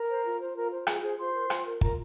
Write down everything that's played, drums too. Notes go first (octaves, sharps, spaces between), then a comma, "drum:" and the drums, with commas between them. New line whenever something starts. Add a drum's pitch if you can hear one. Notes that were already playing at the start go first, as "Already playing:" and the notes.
Already playing: A#4 A#5
C5
F4
C5
F4 A#4 A#5
C5
F4 G#4 G#5, drum: rim click
G#4 C5 G#5
F4 C5 C6
A#4
F4, drum: rim click
A#4
F4 A#4 A#5, drum: kick